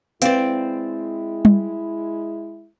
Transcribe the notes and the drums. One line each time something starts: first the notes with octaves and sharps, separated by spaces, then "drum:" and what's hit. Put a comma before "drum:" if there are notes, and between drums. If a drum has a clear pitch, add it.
G#3 C4 E4 B4 D5 F5, drum: hi-hat
drum: tom G3